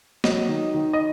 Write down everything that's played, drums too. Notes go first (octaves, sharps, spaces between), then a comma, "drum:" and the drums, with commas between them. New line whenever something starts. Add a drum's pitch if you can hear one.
F#3 D#5, drum: snare
D#3
D#3
D#5